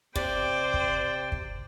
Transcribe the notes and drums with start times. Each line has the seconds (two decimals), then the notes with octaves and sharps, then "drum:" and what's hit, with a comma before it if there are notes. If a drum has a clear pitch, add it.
0.16 C3 C5 D5 G5, drum: kick
0.74 drum: kick
1.32 drum: kick